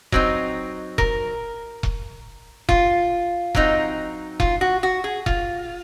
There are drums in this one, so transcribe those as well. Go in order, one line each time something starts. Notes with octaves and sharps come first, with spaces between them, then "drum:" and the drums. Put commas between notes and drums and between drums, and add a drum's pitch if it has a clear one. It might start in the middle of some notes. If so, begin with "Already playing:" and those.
F#3 C4 D#4, drum: kick E1
A#4, drum: kick E1
drum: kick E1
F4, drum: kick E1
F#3 C4 D#4, drum: kick E1
F4, drum: kick E1
F#4
F#4
G#4
F4, drum: kick E1